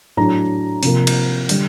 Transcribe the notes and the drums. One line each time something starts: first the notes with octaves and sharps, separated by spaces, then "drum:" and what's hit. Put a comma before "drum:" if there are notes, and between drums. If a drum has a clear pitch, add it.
A2 F#3 A3 D4 A#5
C3 F3 A#3, drum: open hi-hat
drum: cymbal
D3 G3, drum: open hi-hat